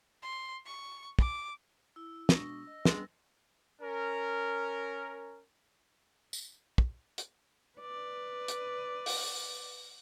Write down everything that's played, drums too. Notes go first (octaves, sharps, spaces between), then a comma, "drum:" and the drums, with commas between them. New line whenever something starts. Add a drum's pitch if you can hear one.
C6
C#6
D6, drum: kick
E4 E6
B2 G#3 D4 C#6 D#6 A#6, drum: snare
D#5
G3 G#3 B3 C#4 D4, drum: snare
C#4 A#4
drum: tambourine
drum: kick
drum: hi-hat
B4 D5
drum: hi-hat
drum: open hi-hat